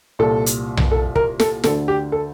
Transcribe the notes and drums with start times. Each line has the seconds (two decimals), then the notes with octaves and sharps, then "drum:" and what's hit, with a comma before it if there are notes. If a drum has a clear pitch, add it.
0.19 C2 A#2 A4
0.46 drum: hi-hat
0.77 drum: tom B1
0.91 A4
1.16 A#4, drum: kick
1.40 A4, drum: snare
1.64 D2 D3 A4, drum: snare
1.88 G4
2.12 A4